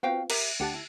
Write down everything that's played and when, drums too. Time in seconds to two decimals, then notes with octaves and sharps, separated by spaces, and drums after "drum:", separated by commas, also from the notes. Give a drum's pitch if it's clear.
0.03 B3 C4 F4 F#4 F5 G5
0.30 G4 A#4 E5, drum: cymbal
0.60 D2 D4 G4 F#5 A5
0.74 E4